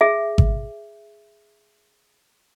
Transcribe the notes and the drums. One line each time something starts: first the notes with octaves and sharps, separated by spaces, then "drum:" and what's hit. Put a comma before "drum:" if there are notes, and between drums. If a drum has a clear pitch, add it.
G#4 E5
drum: kick G#1